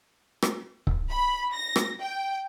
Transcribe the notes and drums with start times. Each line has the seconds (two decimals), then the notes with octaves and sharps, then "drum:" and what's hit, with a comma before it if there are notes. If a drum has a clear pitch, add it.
0.42 drum: rim click
0.87 drum: kick C#1
1.11 B5
1.53 A#6
1.76 drum: rim click
1.99 G5